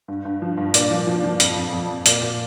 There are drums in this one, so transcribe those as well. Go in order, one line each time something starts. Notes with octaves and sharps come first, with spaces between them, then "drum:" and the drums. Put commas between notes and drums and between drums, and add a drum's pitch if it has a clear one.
G2
G2
F3
G2
A#2 D5, drum: hi-hat
F3
F3
F3
F2, drum: hi-hat
F2
F2
F2
A#2 D5, drum: hi-hat
A#2